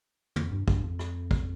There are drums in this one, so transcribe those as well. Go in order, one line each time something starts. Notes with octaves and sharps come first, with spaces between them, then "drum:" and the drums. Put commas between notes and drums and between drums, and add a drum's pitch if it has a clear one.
F2, drum: tom
G2
G2, drum: kick
F2
drum: rim click
drum: kick